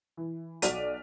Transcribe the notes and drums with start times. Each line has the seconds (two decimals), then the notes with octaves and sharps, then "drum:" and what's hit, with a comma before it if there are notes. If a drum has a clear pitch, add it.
0.17 E3
0.62 B1 F#4 D5 F6 B6 D#7, drum: hi-hat